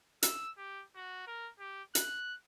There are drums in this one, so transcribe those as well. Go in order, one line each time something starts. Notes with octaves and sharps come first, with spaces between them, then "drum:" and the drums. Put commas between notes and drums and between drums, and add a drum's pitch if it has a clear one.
E6, drum: hi-hat
G4
F#4
A#4
G4
F#6, drum: hi-hat